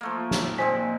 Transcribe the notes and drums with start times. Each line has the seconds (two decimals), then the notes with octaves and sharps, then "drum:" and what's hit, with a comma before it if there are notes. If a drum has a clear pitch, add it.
0.01 F3 A3 A#3
0.31 drum: snare
0.58 A#2 G#3 C4 C5 G#5 B6